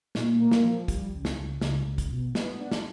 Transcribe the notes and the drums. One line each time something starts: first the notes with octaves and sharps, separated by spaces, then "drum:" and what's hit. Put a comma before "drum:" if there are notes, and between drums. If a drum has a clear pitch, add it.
A#2, drum: snare
A#3
drum: snare
F3
G3, drum: kick, hi-hat
C#2
drum: snare
C#2
C#2, drum: snare
C#2
drum: kick, hi-hat
B2
B3, drum: snare
D4
drum: snare